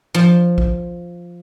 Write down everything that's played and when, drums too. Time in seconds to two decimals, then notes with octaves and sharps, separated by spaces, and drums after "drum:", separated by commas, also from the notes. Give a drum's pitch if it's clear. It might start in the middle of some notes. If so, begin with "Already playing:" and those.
0.14 F3
0.58 drum: kick A1